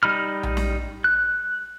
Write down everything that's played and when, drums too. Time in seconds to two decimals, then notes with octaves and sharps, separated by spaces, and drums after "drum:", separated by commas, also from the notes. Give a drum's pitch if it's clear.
0.03 G3 D#4 B5 F6
0.43 drum: tom A#1
0.57 drum: snare
1.04 F#6